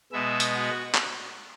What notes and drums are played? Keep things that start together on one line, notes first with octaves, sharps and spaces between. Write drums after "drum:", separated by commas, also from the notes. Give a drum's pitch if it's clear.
B2 G#3 B3 E5
drum: hi-hat
F#4
drum: clap